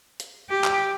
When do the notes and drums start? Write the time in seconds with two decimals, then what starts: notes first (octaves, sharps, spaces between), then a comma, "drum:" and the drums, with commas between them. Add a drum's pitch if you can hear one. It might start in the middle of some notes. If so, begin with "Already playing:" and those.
0.20 drum: hi-hat
0.49 G4
0.64 drum: clap